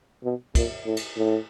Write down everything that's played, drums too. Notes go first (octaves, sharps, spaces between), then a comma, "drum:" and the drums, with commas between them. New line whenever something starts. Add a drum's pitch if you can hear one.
B2
A#2, drum: kick, cymbal
A2
drum: cymbal
A2